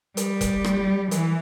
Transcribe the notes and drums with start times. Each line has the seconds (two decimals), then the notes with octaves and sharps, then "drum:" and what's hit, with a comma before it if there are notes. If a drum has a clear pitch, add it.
0.17 G3, drum: hi-hat
0.41 drum: kick F1, hi-hat
0.64 drum: rim click
1.11 E3, drum: hi-hat